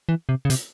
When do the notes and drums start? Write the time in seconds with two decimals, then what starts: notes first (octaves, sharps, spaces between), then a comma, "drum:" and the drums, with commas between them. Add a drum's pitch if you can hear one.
0.09 E3
0.29 C3
0.45 C#3
0.50 C3, drum: hi-hat